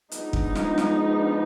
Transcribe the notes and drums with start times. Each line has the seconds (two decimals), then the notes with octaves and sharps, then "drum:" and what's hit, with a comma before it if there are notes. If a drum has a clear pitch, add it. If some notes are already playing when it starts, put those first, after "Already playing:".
0.11 F3 G#3 B3 D4 D#4, drum: hi-hat
0.33 drum: kick
0.55 drum: snare
0.78 drum: snare